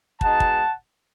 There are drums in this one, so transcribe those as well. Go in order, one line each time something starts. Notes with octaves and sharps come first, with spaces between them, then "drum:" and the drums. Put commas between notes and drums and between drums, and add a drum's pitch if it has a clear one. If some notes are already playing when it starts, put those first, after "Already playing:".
B2 G#3 D#4 F#5 A5, drum: kick
drum: kick